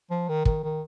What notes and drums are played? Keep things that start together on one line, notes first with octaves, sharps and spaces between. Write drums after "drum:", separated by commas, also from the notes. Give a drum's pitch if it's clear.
F3
D#3
D#3, drum: kick
D#3